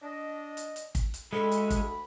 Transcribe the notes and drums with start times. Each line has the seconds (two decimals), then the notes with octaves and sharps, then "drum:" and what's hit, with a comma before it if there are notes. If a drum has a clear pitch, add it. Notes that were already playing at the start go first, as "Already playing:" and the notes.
0.02 D4 D#5
0.57 drum: hi-hat
0.76 drum: hi-hat
0.95 drum: kick, hi-hat
1.14 drum: hi-hat
1.33 D2 G#3 A4 B5
1.52 drum: hi-hat
1.70 drum: kick, hi-hat